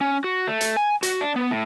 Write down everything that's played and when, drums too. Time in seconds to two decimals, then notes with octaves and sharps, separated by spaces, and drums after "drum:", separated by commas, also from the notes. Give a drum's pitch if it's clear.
0.01 C#4
0.24 F#4
0.47 A3
0.61 drum: hi-hat
0.76 G#5
1.03 F#4, drum: hi-hat
1.21 D4
1.36 B3
1.51 A2